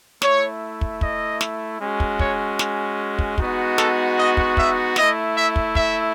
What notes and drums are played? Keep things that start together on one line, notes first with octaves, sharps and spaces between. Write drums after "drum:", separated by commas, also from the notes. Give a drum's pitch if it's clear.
A3 E4 C#5, drum: snare
drum: kick
D#5, drum: kick
drum: snare
G#3 C#4 F#4
drum: kick
C#5, drum: kick
drum: snare
drum: kick
G#3 B3 D#4 F#4, drum: kick
A4, drum: snare
D#5
drum: kick
E5, drum: kick
A3 E4 D#5, drum: snare
E5
drum: kick
E5, drum: kick